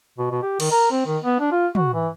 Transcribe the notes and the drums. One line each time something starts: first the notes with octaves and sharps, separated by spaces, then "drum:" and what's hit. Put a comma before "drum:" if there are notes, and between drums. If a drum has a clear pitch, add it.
B2
B2
G4
D#3, drum: cymbal
A#4
C4
D#3
B3
D4
F4
F#4, drum: tom
E3